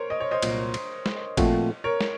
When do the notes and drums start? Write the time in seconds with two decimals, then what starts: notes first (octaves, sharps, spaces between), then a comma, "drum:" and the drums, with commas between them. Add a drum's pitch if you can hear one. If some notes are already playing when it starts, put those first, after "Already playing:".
Already playing: A#4 C5 C#5
0.10 D#5
0.20 C#5
0.31 C5 D#5
0.42 C2 A#2 F#3, drum: cymbal
0.74 drum: cymbal
1.06 drum: snare
1.37 A#2 F3 A3 C4 F#4, drum: kick G#1, cymbal
1.84 A#4 C#5
2.01 drum: snare